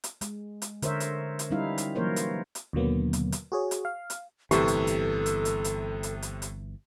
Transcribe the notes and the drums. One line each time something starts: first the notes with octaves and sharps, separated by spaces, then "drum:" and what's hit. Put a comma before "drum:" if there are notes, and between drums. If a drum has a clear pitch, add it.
drum: hi-hat
G#3, drum: hi-hat
drum: hi-hat
D3 A#4 C5 C#5 E5, drum: hi-hat
drum: hi-hat
drum: hi-hat
G3 C#4 D#4 E4 F5
drum: hi-hat
E3 F#3 A#3 A#4 C5 C#5
drum: hi-hat
drum: hi-hat
D#2 B2 D3 F#3 A#3 B3
drum: hi-hat
drum: hi-hat
F#4 G#4 C#5
drum: hi-hat
F5
drum: hi-hat
G1 A2 C3 E3 A3 G4 A4, drum: hi-hat
drum: hi-hat
drum: hi-hat
drum: hi-hat
drum: hi-hat
drum: hi-hat
drum: hi-hat
drum: hi-hat
drum: hi-hat